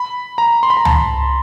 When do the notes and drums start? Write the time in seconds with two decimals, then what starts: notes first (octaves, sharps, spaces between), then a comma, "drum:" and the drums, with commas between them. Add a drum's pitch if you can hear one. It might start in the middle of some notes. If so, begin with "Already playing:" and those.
Already playing: B5
0.38 A#5
0.63 C6
0.70 B5
0.77 A#5
0.85 A5, drum: tom